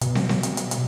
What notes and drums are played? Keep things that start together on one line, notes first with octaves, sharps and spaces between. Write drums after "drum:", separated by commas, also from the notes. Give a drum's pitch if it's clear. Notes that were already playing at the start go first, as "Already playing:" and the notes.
B2, drum: hi-hat
drum: snare
drum: snare
drum: hi-hat
drum: hi-hat
drum: hi-hat